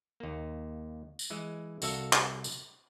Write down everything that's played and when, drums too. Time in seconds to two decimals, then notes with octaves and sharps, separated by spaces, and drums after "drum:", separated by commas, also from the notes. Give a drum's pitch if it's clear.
0.20 D#2 A#3
1.19 drum: tambourine
1.30 E3 G#3
1.82 C2 F#4 A4 E5 F5, drum: tambourine
2.13 drum: clap
2.44 drum: tambourine